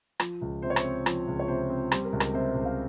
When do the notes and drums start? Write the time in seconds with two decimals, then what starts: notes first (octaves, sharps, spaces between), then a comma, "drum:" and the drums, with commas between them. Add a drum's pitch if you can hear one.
0.20 F3, drum: rim click
0.42 C#2
0.62 C3 C5
0.70 C#5
0.76 C5, drum: rim click
0.84 C4
1.06 F3, drum: rim click
1.28 C#2
1.39 C#5
1.48 C3 C5
1.70 C4
1.92 G3 C5, drum: rim click
2.05 A#4
2.13 C#2
2.20 A#4, drum: rim click
2.33 C3 C5
2.55 C#2
2.66 F5